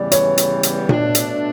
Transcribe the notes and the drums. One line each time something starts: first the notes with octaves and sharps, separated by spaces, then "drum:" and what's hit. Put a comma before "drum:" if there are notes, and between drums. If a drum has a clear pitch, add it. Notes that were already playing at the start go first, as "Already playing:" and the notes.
Already playing: C#3 E3 G3 B3 D5
C#5, drum: hi-hat
drum: hi-hat
drum: hi-hat
B2 A3 D4, drum: tom A#2
drum: hi-hat